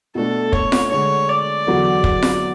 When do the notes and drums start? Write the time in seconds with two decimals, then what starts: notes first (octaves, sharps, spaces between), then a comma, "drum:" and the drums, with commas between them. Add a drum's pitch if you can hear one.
0.15 B2 A3 D4 A4
0.53 C#5, drum: kick
0.72 drum: snare F4
0.90 D3 G#3 D4 C#5
1.28 D5
1.67 E2 D3 F#3
2.04 drum: kick
2.23 drum: snare F4